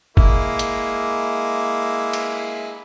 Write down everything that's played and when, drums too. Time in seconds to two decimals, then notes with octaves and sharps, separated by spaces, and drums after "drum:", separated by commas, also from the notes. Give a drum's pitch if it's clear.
0.17 G#3 A#3 E4, drum: kick G1
0.59 drum: hi-hat
2.13 drum: cymbal